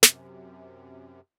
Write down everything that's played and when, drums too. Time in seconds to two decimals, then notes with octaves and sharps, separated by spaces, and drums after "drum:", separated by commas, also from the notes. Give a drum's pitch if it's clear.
0.03 F#2 C3, drum: snare